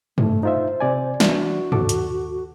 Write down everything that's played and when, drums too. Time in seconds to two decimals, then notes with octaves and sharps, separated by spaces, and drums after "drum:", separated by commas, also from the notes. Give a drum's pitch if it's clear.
0.18 A3, drum: tom G2
0.43 D#4 F4 C5 E5
0.80 C3 D5 G#5
1.20 E3 D4 F#4, drum: snare
1.72 D#2 A4 D6, drum: tom G2
1.89 drum: hi-hat